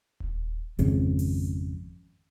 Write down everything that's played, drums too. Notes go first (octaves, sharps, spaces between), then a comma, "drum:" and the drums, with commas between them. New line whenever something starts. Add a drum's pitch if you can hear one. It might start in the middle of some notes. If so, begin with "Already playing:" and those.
drum: kick D#1
G#1 F2 C#3, drum: hi-hat
drum: open hi-hat